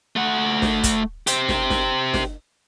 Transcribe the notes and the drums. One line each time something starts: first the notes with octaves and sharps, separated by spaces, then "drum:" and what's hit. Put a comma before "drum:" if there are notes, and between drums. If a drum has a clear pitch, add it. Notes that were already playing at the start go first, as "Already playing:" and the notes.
A3 F#5
drum: snare
drum: kick, hi-hat
G4 C5, drum: hi-hat
drum: snare
drum: snare
drum: snare